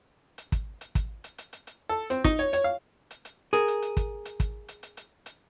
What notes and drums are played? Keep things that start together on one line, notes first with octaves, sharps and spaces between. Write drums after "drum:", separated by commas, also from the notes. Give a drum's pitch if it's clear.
drum: hi-hat
drum: kick, hi-hat
drum: hi-hat
drum: kick, hi-hat
drum: hi-hat
drum: hi-hat
drum: hi-hat
drum: hi-hat
A4
C4, drum: hi-hat
D#4, drum: kick, hi-hat
C#5
C#5, drum: hi-hat
F5
drum: hi-hat
drum: hi-hat
G#4 A#4, drum: hi-hat
drum: hi-hat
drum: hi-hat
drum: kick, hi-hat
drum: hi-hat
drum: kick, hi-hat
drum: hi-hat
drum: hi-hat
drum: hi-hat
drum: hi-hat